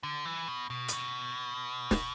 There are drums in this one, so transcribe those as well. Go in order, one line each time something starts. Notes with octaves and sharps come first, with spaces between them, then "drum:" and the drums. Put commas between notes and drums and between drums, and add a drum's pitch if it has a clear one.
D3
E3
B2
B2
A2, drum: hi-hat
B2
drum: snare